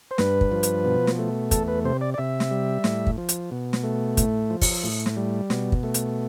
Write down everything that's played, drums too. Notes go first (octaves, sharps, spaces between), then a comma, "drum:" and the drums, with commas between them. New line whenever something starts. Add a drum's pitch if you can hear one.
C5
G2 B4, drum: snare
drum: kick
F3
drum: hi-hat
B2
drum: snare
A3
E2 A4, drum: kick, hi-hat
B4
C3 C5
D5
D5
C3 E5
drum: snare
G3
A2, drum: snare
drum: kick
F3
drum: hi-hat
B2
drum: snare
A3
A2, drum: kick, hi-hat
F3
drum: kick, open hi-hat
A2
drum: snare
G3
B2, drum: snare
drum: kick
A3
drum: hi-hat